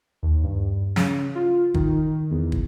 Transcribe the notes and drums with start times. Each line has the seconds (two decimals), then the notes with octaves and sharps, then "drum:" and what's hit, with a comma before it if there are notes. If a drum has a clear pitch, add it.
0.23 D#2
0.44 G2
0.96 C#3, drum: snare
1.35 F4
1.74 D#3, drum: kick
2.31 E2
2.52 drum: kick